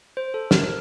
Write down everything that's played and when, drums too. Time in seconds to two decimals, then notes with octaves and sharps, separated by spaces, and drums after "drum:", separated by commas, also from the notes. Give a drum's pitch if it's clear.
0.17 C5
0.34 A4
0.51 A#4, drum: snare